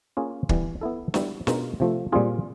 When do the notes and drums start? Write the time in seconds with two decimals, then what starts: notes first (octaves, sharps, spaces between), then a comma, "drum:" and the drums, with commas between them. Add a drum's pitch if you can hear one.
0.17 A#3 C#4 F4 G#4
0.49 E3 G3 B3, drum: kick
0.81 B3 E4 A4
1.14 G3 B3 E4, drum: snare
1.47 B2 G#3 C#4 F4 A#4, drum: snare
1.80 C3 F3 A3
2.12 A#2 G3 C4 F4 G#4